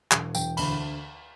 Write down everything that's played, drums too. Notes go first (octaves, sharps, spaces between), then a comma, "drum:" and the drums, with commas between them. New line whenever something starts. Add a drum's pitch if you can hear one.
E1, drum: clap
E1 G5, drum: tambourine
D2 B5, drum: cymbal